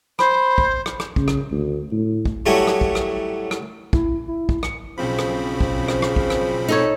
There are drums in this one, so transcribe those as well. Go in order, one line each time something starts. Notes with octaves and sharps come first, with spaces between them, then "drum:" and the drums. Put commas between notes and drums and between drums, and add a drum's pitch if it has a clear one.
C5 B5, drum: rim click
drum: kick
drum: rim click
drum: rim click
C#3, drum: kick
drum: rim click
D2
A2
drum: kick
A2 F#3 G3 A3 E4 G#5
drum: rim click
drum: kick
drum: rim click
drum: rim click
E4, drum: kick
E4
drum: kick
C#7, drum: rim click
B1 C#3 F3 C4 B5
drum: rim click
drum: kick
drum: rim click
drum: rim click
drum: kick
drum: rim click
D#4 A4 C#5